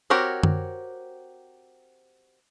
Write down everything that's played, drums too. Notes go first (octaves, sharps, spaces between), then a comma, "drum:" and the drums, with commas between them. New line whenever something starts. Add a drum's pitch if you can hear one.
C4 F#4 G4 A#4 C#5
drum: tom